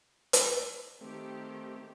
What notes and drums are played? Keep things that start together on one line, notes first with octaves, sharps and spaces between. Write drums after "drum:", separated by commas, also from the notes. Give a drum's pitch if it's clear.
drum: hi-hat
D#3 A3 C4 G4